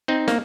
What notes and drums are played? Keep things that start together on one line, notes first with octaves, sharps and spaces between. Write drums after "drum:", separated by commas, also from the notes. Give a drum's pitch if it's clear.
C4 D#4
A#3, drum: snare